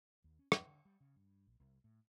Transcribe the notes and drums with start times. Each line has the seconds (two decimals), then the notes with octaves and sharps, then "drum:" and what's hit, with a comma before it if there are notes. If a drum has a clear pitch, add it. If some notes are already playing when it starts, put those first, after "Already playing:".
0.24 D#2
0.39 C#4
0.52 F2, drum: rim click
0.67 D3
0.85 G3
1.00 C#3
1.16 G2
1.47 A#1
1.60 C2
1.84 A2